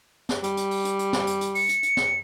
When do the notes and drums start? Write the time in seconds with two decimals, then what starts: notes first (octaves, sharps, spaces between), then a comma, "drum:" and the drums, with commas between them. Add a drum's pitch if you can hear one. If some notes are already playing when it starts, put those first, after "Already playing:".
0.29 drum: snare
0.43 G3, drum: hi-hat
0.57 drum: hi-hat
0.71 drum: open hi-hat
0.85 drum: hi-hat
0.99 drum: hi-hat
1.13 drum: snare
1.27 drum: hi-hat
1.41 drum: hi-hat
1.55 C#7, drum: open hi-hat
1.69 drum: hi-hat
1.83 drum: hi-hat
1.97 drum: snare